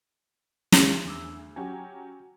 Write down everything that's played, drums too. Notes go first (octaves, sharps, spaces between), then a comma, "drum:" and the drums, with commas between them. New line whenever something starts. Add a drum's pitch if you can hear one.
D2 G#4, drum: snare
E2 D6 E6
F#3 C#4 F#4 G4 G#5